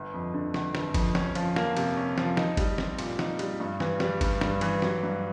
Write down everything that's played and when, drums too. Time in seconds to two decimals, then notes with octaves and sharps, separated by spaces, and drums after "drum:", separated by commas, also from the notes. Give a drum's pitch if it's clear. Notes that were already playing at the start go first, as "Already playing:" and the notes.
Already playing: G1
0.14 F2
0.34 D3
0.54 G1, drum: snare
0.75 G1, drum: snare
0.94 F2, drum: kick G1, cymbal
1.15 C#4, drum: snare
1.35 F3, drum: cymbal
1.56 A#3, drum: snare
1.77 C3, drum: cymbal
1.96 C#4
2.18 F3, drum: snare
2.37 D#4, drum: snare
2.57 G3, drum: kick G1, cymbal
2.78 C4, drum: snare
2.99 A#2, drum: cymbal
3.19 D#4, drum: snare
3.39 G3, drum: cymbal
3.60 G2
3.80 E3, drum: snare
4.00 G3, drum: snare
4.21 G2, drum: kick G1, cymbal
4.41 G2, drum: snare
4.61 E3, drum: cymbal
4.82 F#3, drum: snare
5.03 G2